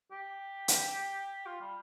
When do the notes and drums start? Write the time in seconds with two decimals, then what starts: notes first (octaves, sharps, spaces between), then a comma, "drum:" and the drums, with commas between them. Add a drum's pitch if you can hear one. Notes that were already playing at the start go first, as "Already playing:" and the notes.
0.11 G4
0.68 drum: hi-hat
1.46 F4
1.61 G3